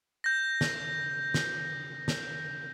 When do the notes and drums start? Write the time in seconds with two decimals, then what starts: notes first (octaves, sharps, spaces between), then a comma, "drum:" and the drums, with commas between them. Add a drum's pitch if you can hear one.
0.24 G6 A#6
0.61 drum: snare
1.34 drum: snare
2.08 drum: snare